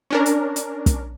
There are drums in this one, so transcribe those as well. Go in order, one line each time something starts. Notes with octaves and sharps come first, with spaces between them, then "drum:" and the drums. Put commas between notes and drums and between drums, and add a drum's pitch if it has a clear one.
C#4 D4 A#4
drum: hi-hat
drum: hi-hat
drum: kick, hi-hat